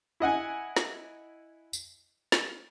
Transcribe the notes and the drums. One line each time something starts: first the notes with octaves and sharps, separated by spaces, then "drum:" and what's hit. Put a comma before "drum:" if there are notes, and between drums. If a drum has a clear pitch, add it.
E4 D#5 F#5 G#5
drum: snare
drum: tambourine
drum: snare